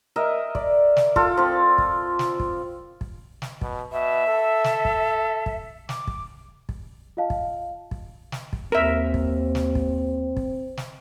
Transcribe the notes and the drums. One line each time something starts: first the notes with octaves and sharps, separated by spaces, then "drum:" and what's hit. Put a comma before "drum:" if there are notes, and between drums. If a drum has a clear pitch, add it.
A#4 D#5 E5 G5
D5, drum: kick
drum: snare
F4 A4 G5, drum: kick
F3 C4
drum: kick
drum: snare
drum: kick
drum: kick
drum: snare
B2, drum: kick
B2 E5
A4
drum: snare
drum: kick
drum: kick
D6, drum: snare
drum: kick
drum: kick
F4 D#5 F5 A5
drum: kick
drum: kick
drum: snare
drum: kick
D#2 C4 A#4 E5
drum: kick
drum: snare
drum: kick
drum: kick
drum: snare